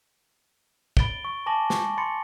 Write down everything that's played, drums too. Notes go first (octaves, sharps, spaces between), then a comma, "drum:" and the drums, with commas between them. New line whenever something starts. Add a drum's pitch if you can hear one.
B5 A6 D7 G7, drum: kick
C#6
G#5 A5 D6 A#6 F#7
C#6, drum: snare
B5 C6 A6 C#7